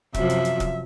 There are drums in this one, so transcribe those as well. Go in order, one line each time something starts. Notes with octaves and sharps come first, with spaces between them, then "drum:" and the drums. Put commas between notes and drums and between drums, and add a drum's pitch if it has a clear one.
F#2 C3 F3 E5, drum: kick, hi-hat
drum: hi-hat
drum: hi-hat
drum: kick, hi-hat